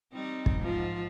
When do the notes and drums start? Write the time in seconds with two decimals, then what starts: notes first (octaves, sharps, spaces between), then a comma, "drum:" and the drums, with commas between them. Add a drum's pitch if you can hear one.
0.13 G3 C4 D#4
0.46 drum: kick
0.57 G#2 F3